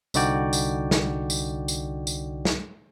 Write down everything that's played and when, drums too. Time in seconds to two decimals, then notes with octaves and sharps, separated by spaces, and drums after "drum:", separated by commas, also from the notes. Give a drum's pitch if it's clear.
0.14 C2 D3 D#4 F#4 D5 G5, drum: tambourine
0.53 drum: tambourine
0.91 drum: snare
1.30 drum: tambourine
1.68 drum: tambourine
2.07 drum: tambourine
2.45 drum: snare